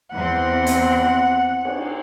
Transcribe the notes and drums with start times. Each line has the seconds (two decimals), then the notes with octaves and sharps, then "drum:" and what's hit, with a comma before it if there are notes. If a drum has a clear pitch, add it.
0.13 E2 C4 F#5
0.67 drum: hi-hat
1.65 drum: cymbal